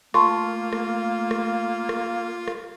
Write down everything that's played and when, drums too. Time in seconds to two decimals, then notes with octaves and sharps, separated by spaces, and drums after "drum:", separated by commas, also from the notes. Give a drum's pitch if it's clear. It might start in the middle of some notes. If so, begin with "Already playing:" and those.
0.14 A3 A#3 F4 A5 C6 C#6, drum: rim click
0.73 drum: rim click
1.31 drum: rim click
1.89 drum: rim click
2.48 drum: rim click